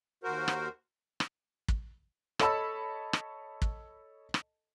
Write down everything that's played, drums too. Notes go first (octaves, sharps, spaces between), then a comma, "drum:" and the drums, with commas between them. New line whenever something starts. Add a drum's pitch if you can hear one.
D#2 F#4 A#4 C5
drum: rim click
drum: rim click
drum: kick
A4 C#5 D#5 A5 B5 E6, drum: rim click
drum: rim click
drum: kick
drum: rim click